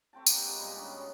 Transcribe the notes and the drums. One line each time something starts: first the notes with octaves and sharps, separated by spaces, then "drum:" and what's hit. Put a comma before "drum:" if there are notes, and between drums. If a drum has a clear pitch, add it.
A3 C4 G5 A5
A#3 G4 D#5 F#5, drum: tambourine
G#3 A#3 F4
A#2 G3 B3
D#3 G#3 C#4 D4
D#3 F#3